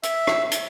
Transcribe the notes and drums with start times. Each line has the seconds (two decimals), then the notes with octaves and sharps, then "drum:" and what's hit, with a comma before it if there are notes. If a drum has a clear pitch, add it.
0.03 E5, drum: hi-hat
0.27 drum: rim click
0.52 drum: hi-hat